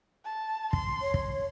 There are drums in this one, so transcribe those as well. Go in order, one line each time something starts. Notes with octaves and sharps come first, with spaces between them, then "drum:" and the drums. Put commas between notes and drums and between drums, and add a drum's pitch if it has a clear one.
A5
C6, drum: kick
C#5
drum: kick